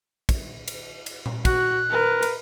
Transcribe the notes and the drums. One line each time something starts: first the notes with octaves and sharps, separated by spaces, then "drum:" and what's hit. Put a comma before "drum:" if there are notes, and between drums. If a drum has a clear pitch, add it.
drum: kick, cymbal
drum: cymbal
drum: cymbal
drum: tom A#2
F#4 F#6, drum: kick, cymbal
A#4 B4
drum: cymbal